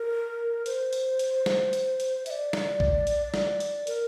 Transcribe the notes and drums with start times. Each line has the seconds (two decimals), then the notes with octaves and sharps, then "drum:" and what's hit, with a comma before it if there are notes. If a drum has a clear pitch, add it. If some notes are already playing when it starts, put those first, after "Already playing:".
Already playing: A#4
0.66 C5, drum: hi-hat
0.93 drum: hi-hat
1.19 drum: hi-hat
1.46 drum: snare
1.73 drum: hi-hat
2.00 drum: hi-hat
2.26 E5, drum: hi-hat
2.31 D5
2.53 drum: snare
2.80 drum: kick
3.07 drum: hi-hat
3.34 drum: snare
3.60 drum: hi-hat
3.87 A#4, drum: hi-hat